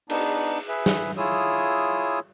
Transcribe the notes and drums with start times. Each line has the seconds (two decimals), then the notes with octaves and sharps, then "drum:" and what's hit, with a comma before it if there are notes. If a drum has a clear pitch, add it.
0.10 B3 D4 D#4, drum: cymbal
0.68 G#4 B4 E5
0.86 drum: snare
1.17 E4 F4 G#4 C#5 D#6 E6